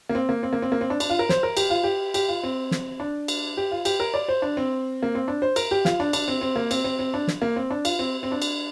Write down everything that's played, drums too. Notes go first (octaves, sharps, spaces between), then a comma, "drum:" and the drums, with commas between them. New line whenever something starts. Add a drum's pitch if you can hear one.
A#3
C4
A#3
C4
A#3
C4
A#3
C4
D4
D4, drum: cymbal
F4
A#4
C5, drum: snare
A#4
G4, drum: cymbal
F4
G4
G4, drum: cymbal
F4
C4
drum: snare
D4
drum: cymbal
G4
F4
G4, drum: cymbal
A#4
D5
C5
D4
C4
A#3
C4
D4
C5
A#4, drum: cymbal
G4
F4, drum: snare
D4
D4, drum: cymbal
C4
C4
A#3
C4, drum: cymbal
C4
C4
D4
drum: snare
A#3
C4
D4
F4, drum: cymbal
C4
C4
D4
drum: cymbal